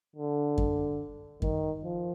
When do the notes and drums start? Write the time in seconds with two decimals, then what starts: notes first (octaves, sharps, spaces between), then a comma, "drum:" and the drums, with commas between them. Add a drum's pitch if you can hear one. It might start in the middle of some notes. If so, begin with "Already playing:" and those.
0.16 D3
0.58 drum: kick F#2
1.42 D#3, drum: kick F#2
1.84 F3